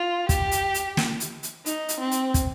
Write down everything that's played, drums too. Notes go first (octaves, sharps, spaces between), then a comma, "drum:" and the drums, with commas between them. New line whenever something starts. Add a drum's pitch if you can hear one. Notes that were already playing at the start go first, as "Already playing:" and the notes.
Already playing: F4
G4, drum: kick, hi-hat
drum: hi-hat
drum: hi-hat
drum: snare
drum: hi-hat
drum: hi-hat
D#4, drum: hi-hat
drum: hi-hat
C4
drum: hi-hat
drum: kick, hi-hat